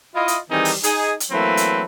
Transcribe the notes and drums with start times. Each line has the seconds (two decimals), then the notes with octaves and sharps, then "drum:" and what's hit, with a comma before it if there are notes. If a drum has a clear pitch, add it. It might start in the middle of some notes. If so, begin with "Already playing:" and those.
0.15 E4 F4 D#5
0.28 drum: hi-hat
0.50 D#3 E3 G3 C4 D#4 G#4
0.65 drum: open hi-hat
0.83 D#4 G#4, drum: hi-hat
1.20 drum: hi-hat
1.31 E3 F#3 A3 A#3 C4 B4
1.57 drum: hi-hat